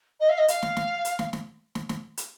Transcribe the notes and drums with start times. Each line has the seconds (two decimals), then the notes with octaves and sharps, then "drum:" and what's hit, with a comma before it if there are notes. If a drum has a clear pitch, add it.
0.20 D#5
0.29 F5
0.38 D#5
0.48 F5, drum: hi-hat
0.62 drum: snare
0.77 drum: snare
1.05 drum: hi-hat
1.19 drum: snare
1.33 drum: snare
1.75 drum: snare
1.89 drum: snare
2.17 drum: hi-hat